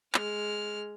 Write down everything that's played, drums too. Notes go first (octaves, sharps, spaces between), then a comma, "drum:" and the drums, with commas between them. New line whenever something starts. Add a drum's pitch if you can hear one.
G#3 F6, drum: clap